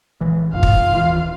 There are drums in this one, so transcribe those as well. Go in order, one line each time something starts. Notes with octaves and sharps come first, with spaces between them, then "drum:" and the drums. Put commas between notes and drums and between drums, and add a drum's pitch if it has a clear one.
A#1 E3 G#3
F1 A#1 G#2 F4 F5
drum: kick
D#1 D#2 E3